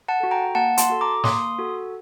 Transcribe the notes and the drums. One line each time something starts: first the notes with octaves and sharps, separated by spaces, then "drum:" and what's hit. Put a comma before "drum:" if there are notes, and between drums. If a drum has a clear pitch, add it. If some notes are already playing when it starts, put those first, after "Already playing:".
F#5 A5
F#4 A4
G5 A#5
A#3 F#5 A5
A5 C6, drum: hi-hat
F#4 A4
A#5 D6
A#3 C6 D#6, drum: snare
F#4 A4